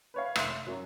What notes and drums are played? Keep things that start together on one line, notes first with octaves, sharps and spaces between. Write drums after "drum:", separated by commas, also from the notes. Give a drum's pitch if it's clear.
B4 C#5 F5
F1 E5 C6, drum: rim click
E5
F#2 F#3